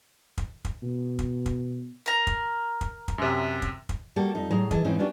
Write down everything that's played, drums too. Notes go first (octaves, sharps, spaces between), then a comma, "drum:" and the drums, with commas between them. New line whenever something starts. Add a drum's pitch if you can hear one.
drum: kick
drum: kick
B2
drum: kick
drum: kick
A#4 A#5
drum: kick
drum: kick
drum: kick
F#2 C3
drum: kick
drum: kick
G3 A#3 F#4 G4 A4
F2 D#4
A2 F#3 G#4 A#5
E3 G#4 A4 D#5, drum: kick
F2 G#2 E3 C4 C#4 D#4
B3 C#4 D4 F#4 G4